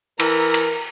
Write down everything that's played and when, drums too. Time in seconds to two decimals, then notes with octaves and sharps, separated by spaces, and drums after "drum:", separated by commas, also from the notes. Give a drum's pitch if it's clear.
0.20 E3 A#4 A#5, drum: cymbal
0.54 drum: cymbal